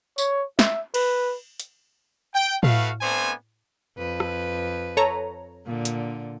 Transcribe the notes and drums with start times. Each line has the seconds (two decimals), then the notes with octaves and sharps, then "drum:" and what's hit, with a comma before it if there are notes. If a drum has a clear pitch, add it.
0.18 C#5, drum: tambourine
0.59 E5, drum: snare
0.94 B4, drum: cymbal
1.60 drum: hi-hat
2.34 G5
2.63 A3 F#4 B4 F5, drum: tom A2
3.01 A3 B3 C4 D4 C5 G#5
3.98 F2 B4
4.20 drum: rim click
4.97 A4 C#5 A#5
5.66 A#2 D3
5.85 drum: hi-hat